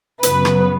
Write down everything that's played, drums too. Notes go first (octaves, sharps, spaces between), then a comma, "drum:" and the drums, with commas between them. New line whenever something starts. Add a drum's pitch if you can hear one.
F#2 C#3 F#3 B3 B4, drum: hi-hat
drum: rim click